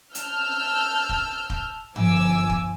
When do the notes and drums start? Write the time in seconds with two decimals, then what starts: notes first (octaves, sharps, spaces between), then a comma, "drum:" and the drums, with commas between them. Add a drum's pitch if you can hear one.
0.15 A5 E6 F6 G6, drum: hi-hat
1.09 drum: kick
1.50 drum: kick
1.96 G1 F3 G#5 D6 E6, drum: tom G2
2.49 drum: kick